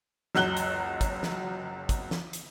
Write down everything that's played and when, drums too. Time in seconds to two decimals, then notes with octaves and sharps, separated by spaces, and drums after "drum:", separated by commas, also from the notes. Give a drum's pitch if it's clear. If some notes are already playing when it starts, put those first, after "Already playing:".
0.35 F#1 C#2 F#3 F#6 G7, drum: snare
0.57 drum: hi-hat
1.01 drum: kick, hi-hat
1.23 drum: snare
1.89 drum: kick, hi-hat
2.11 drum: snare
2.33 drum: hi-hat